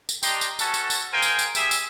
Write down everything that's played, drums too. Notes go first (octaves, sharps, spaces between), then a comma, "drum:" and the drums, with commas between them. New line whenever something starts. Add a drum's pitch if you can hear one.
drum: tambourine
D4 G4 D#5 G5 A#5 C6, drum: tambourine
drum: tambourine
C#4 F#4 A4 A5, drum: tambourine
drum: tambourine
drum: tambourine
G#4 A#4 C5 F5 G5 G#5
drum: tambourine
drum: tambourine
G3 G#4 E5, drum: tambourine
drum: tambourine